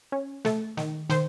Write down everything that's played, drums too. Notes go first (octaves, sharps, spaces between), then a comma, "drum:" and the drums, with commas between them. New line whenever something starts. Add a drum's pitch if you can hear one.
C#4
A3 A4, drum: snare
D#3, drum: snare
D#3 C5, drum: snare